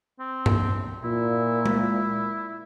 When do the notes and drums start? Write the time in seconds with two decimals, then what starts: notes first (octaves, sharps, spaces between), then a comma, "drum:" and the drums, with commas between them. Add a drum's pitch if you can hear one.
0.20 C4
0.46 drum: tom G2
1.04 A#2 E4
1.66 drum: tom G#3